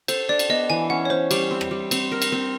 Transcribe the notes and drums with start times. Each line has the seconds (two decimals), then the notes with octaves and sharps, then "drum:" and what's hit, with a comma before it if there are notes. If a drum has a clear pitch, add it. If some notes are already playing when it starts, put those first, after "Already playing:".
0.08 A4 C5, drum: cymbal
0.29 D4 D5
0.39 drum: cymbal
0.49 B3 D#5
0.70 E3 G#5
0.90 C#4 F#5
1.05 C#5
1.10 C#4 C5
1.31 G3, drum: cymbal
1.51 C4
1.61 drum: rim click
1.71 G3
1.91 C4, drum: cymbal
2.12 A#4
2.22 drum: cymbal
2.32 C4